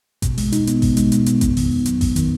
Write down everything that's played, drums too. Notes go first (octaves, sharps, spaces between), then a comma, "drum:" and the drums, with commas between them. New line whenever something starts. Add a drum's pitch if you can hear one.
B2, drum: kick A1, hi-hat
G#3, drum: open hi-hat
D#4, drum: hi-hat
B3, drum: hi-hat
B2, drum: kick A1, open hi-hat
G#3, drum: hi-hat
D#4, drum: hi-hat
B3, drum: hi-hat
F2, drum: kick A1, hi-hat
D#3, drum: open hi-hat
B3
F#3, drum: hi-hat
F2, drum: kick A1, open hi-hat
D#3, drum: hi-hat